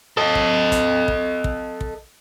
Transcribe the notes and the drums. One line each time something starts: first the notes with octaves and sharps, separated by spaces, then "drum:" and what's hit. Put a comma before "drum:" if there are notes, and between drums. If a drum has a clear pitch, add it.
A4 D#5
drum: kick
drum: kick, hi-hat
drum: kick
drum: kick
drum: kick